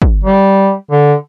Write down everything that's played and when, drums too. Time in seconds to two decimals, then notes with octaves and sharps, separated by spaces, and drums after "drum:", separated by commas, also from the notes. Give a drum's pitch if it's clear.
0.02 drum: kick
0.24 G3
0.91 D3